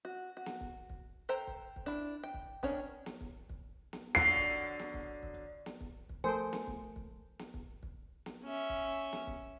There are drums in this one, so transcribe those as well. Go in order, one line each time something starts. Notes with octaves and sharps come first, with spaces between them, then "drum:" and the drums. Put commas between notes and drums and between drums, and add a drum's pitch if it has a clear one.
F#4
F#4
drum: snare
drum: kick
drum: kick
A4 C5 G5 A#5
drum: kick
drum: kick
D4 E4
G5
drum: kick
D#3 C#4 D4 C#5, drum: kick
drum: snare
drum: kick
drum: kick
drum: snare
D3 F#3 C7
drum: kick
drum: snare
drum: kick
drum: kick
drum: snare
drum: kick
drum: kick
F3 A3 A4 A#4 C5 G#5 A5
drum: snare
drum: kick
drum: kick
drum: snare
drum: kick
drum: kick
drum: snare
C#4 E5
drum: kick
drum: snare
drum: kick